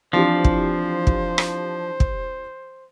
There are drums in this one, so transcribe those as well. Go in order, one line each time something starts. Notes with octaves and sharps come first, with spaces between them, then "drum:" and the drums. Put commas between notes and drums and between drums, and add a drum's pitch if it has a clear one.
E3 F3 C4 D4 G4 C5
drum: kick
drum: kick
drum: rim click
drum: kick